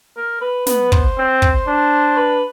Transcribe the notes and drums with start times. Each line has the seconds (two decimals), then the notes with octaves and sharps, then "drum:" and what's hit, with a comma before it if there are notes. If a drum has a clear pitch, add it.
0.17 A#4
0.41 B4
0.66 B3 B4, drum: snare
0.92 C5, drum: kick
1.17 C4
1.42 drum: kick
1.67 D4
2.17 B4